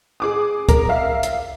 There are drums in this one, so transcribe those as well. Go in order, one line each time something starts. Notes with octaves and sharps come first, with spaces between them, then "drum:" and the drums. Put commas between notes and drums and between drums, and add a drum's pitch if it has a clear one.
G#4 D6 D#6
A#4, drum: kick, hi-hat
E5 F5
drum: hi-hat